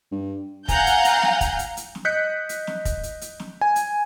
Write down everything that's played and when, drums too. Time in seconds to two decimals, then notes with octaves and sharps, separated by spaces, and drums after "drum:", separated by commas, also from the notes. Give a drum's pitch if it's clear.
0.12 G2
0.68 F5 F#5 G#5 A#5 G6, drum: kick, hi-hat
0.87 drum: hi-hat
1.05 drum: hi-hat
1.23 drum: snare
1.41 drum: kick, hi-hat
1.59 drum: hi-hat
1.77 drum: hi-hat
1.95 drum: snare
2.05 D#5 F#6 G6 B6 C#7
2.49 drum: hi-hat
2.67 drum: snare
2.85 drum: kick, hi-hat
3.03 drum: hi-hat
3.21 drum: hi-hat
3.40 drum: snare
3.61 G#5
3.76 drum: hi-hat